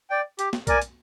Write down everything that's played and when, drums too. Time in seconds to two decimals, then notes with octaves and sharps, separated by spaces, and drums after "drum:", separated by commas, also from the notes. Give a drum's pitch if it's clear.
0.10 D5 G5
0.39 G4, drum: hi-hat
0.53 drum: snare
0.67 A#4 D5 G#5, drum: kick B1, hi-hat
0.82 drum: hi-hat